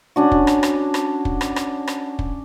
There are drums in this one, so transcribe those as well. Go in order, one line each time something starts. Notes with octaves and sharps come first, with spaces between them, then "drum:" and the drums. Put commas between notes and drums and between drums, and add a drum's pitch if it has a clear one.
C#4 D4 F#4
drum: kick
drum: rim click
drum: rim click
drum: rim click
drum: kick
drum: rim click
drum: rim click
drum: rim click
drum: kick